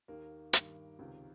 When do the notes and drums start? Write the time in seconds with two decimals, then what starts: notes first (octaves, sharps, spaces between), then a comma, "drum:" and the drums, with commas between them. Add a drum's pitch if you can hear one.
0.08 D#2 D#3 A#3
0.53 G2 D#3, drum: hi-hat
0.99 C#2 C3 D#3